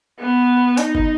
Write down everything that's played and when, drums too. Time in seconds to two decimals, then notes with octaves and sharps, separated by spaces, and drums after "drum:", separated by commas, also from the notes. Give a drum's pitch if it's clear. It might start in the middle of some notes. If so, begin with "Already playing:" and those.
0.20 B3
0.77 D#4, drum: hi-hat
0.95 drum: kick G1